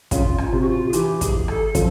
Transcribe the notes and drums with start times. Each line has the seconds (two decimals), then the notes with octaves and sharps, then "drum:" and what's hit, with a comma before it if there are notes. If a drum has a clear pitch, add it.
0.11 C#3 F4, drum: kick, hi-hat
0.38 drum: rim click
0.52 C3 F4
0.60 F#4
0.69 F4
0.89 G#4
0.93 E3 G4, drum: hi-hat
1.21 G#4, drum: kick, hi-hat
1.48 A4, drum: rim click
1.75 F3, drum: kick, hi-hat